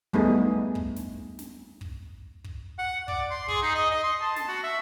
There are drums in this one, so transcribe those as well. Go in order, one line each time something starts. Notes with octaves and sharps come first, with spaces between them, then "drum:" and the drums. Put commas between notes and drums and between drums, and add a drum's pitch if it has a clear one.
G3 A3 B3 D#4 G#4, drum: kick
drum: kick
drum: snare
drum: snare
drum: kick
drum: kick
F#5
D5, drum: kick
C6
G#4, drum: kick
D#4
D#5
D#5
C6
A5
A5, drum: snare
F#4
E5